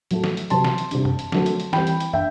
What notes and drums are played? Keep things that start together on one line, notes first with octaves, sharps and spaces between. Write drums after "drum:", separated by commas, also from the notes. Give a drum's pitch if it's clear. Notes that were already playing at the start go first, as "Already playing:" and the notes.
A2 F#3 A3, drum: hi-hat
drum: snare
drum: hi-hat
C3 F#3 C4 A5 C6, drum: hi-hat
drum: snare
drum: hi-hat
C3 G3 D4, drum: hi-hat
drum: tom
drum: hi-hat
D3 F#3 A3 C4, drum: snare
drum: hi-hat
drum: hi-hat
E3 G3 C4 G5 B5, drum: snare
drum: hi-hat
drum: hi-hat
D4 E5 G5, drum: tom